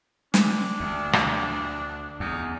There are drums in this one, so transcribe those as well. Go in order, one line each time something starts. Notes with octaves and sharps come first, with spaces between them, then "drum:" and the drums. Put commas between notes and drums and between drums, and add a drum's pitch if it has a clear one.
D4, drum: snare
D2
drum: rim click
E2 D#4